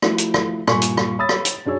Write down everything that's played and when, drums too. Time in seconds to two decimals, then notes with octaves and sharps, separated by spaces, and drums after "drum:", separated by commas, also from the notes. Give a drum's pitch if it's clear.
0.02 F3 A3 E4 F#4, drum: rim click
0.18 drum: hi-hat
0.34 drum: rim click
0.67 G2 A#2 G#5 C6 C#6, drum: rim click
0.82 drum: hi-hat
0.97 drum: rim click
1.19 C#5 B5 D#6 E6 A6
1.29 drum: rim click
1.45 drum: hi-hat
1.66 F#2 D4 G#4 C#5 E6